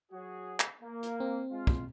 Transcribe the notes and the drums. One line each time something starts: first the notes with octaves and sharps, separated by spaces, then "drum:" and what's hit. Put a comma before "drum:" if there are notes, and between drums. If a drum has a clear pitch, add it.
F#3 F#4 G#4
drum: clap
A#3
drum: hi-hat
C4
G#3 F4
drum: kick